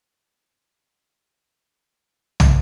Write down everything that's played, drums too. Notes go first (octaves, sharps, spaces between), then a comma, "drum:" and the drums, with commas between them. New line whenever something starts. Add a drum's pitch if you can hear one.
F4
C4
drum: tom